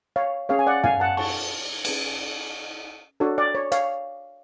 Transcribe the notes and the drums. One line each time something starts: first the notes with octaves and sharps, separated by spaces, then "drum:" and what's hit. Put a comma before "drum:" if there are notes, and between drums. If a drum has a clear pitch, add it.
C#5 F5
C#4 G#4 C#5 F5
G#5
D5 F#5
F5 G#5, drum: tom
F#5 A5
A5 C#6, drum: cymbal
C#4 G#4 B4, drum: cymbal
D4 F#4 A4 C#5
D5
C#5
C#5 F5, drum: hi-hat